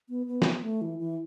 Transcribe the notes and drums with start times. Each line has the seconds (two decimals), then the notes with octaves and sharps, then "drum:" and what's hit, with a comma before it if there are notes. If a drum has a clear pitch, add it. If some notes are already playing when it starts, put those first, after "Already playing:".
0.09 B3
0.26 B3
0.42 drum: snare
0.63 A3
0.81 E3
0.99 E3